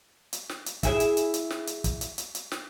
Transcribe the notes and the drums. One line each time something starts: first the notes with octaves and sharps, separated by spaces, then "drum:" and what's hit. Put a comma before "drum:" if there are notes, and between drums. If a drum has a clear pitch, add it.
drum: hi-hat
drum: snare
drum: hi-hat
E4 G#4 E5, drum: kick, hi-hat
drum: hi-hat
drum: hi-hat
drum: hi-hat
drum: snare
drum: hi-hat
drum: kick, hi-hat
drum: hi-hat
drum: hi-hat
drum: hi-hat
drum: snare